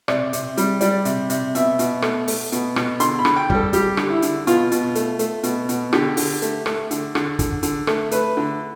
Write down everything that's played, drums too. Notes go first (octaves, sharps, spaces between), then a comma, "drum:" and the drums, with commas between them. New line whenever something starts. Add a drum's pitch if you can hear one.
C3 D5, drum: rim click
C3, drum: hi-hat
G3, drum: hi-hat
G3 D5, drum: hi-hat
C3, drum: hi-hat
C3, drum: hi-hat
B2 E5, drum: hi-hat
B2, drum: hi-hat
A3, drum: rim click
A3, drum: open hi-hat
B2, drum: hi-hat
B2, drum: rim click
D3 C6, drum: hi-hat
B5
D3, drum: rim click
G5
G3 A4, drum: kick
G3 G4, drum: hi-hat
D3, drum: rim click
E4
D3, drum: hi-hat
B2 F4, drum: hi-hat
B2, drum: hi-hat
A3, drum: hi-hat
A3, drum: hi-hat
B2, drum: hi-hat
B2, drum: hi-hat
D3 G4, drum: rim click
D3, drum: open hi-hat
A3, drum: hi-hat
A3, drum: rim click
D3, drum: hi-hat
D3, drum: rim click
D3, drum: kick, hi-hat
D3, drum: hi-hat
A3, drum: rim click
A3 B4, drum: hi-hat
D3